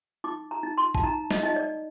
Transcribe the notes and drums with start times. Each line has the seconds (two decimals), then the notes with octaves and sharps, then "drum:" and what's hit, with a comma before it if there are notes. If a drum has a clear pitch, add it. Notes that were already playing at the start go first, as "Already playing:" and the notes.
0.24 D#4 D6
0.51 A#5
0.63 D#4
0.78 C6
0.95 A5, drum: kick A1
1.03 D#4 A#5
1.31 D#5, drum: snare
1.43 D#4 D#5
1.56 D5